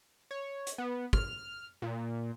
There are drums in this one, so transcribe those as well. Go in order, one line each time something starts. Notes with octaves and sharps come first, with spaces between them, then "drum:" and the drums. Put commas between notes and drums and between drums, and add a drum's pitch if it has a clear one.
C#5
drum: hi-hat
B3
F6, drum: kick
A#2